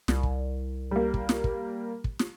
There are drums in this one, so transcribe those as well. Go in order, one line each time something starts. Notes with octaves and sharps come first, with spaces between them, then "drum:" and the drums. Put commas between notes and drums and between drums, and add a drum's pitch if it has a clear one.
C2, drum: snare
drum: kick
G3 A#3
drum: kick
drum: snare
drum: kick
drum: kick
drum: snare